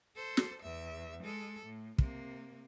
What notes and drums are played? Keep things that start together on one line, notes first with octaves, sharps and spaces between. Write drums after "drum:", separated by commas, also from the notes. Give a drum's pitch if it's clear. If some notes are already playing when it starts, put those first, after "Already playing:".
A4 C5
drum: snare
E2 E5
G#3 A4
A2
C3 A#3, drum: kick